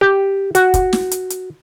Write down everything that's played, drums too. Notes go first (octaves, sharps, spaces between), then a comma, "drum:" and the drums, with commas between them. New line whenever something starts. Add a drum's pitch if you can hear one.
G4
F#4, drum: hi-hat
drum: kick, hi-hat
drum: snare
drum: hi-hat
drum: hi-hat